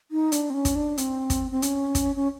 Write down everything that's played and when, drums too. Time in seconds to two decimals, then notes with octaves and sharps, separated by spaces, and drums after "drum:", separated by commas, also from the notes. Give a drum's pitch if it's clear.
0.11 D#4
0.32 D4, drum: hi-hat
0.50 C4
0.54 C#4
0.65 drum: kick, hi-hat
0.75 D4
0.98 C4, drum: hi-hat
1.30 drum: kick, hi-hat
1.51 C4
1.62 C#4, drum: hi-hat
1.95 drum: kick, hi-hat
2.16 C#4